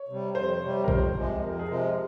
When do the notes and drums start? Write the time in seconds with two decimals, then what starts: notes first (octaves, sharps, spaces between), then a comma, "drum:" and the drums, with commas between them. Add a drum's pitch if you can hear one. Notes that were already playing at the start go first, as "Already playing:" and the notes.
Already playing: C#5
0.08 C3 G3
0.35 F2 C5
0.61 C3 G3 C#5
0.84 A#4
0.88 F2 C5, drum: kick A#1
1.15 C3 F3 G#3
1.41 F2 A#4
1.59 G#4
1.68 C3 F3 G#3 A#4